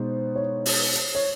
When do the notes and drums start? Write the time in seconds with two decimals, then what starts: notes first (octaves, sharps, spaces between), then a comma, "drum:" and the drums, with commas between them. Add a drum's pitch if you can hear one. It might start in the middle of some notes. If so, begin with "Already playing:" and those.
Already playing: B2 G#3 B3 D#4 C5
0.35 C#5
0.66 drum: open hi-hat
0.95 drum: hi-hat
1.15 C#5